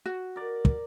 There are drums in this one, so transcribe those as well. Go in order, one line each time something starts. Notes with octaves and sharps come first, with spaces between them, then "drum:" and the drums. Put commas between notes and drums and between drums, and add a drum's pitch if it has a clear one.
F#4
A#4 D5
drum: kick